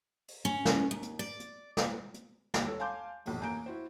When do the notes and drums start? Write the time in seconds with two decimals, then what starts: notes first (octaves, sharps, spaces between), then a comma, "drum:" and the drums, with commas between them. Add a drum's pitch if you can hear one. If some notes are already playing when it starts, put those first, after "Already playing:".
0.28 drum: open hi-hat
0.45 C#4
0.65 drum: snare
0.91 D#2
1.03 drum: hi-hat
1.19 D5
1.40 drum: hi-hat
1.77 drum: snare
2.14 drum: hi-hat
2.54 D#2, drum: snare
2.65 A4 C#5
2.79 F5 G#5 A5 C6 D6 G6
3.26 D#1 B1 F2, drum: open hi-hat
3.40 A1 A#3 G#5 A#5 G6 D7
3.66 E4 F#4 C5